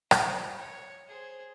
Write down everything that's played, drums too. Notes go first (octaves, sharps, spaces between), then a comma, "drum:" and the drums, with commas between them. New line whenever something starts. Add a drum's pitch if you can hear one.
C5, drum: rim click
C#5
G#4 C5